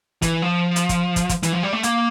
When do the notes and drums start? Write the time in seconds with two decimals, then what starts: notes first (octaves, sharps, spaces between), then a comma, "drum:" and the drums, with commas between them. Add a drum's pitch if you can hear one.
0.22 E3, drum: kick, hi-hat
0.42 F3
0.76 drum: hi-hat
0.89 drum: kick, hi-hat
1.16 drum: kick, hi-hat
1.29 drum: kick, hi-hat
1.43 E3, drum: hi-hat
1.53 F3
1.63 G3
1.73 A3
1.83 A#3, drum: hi-hat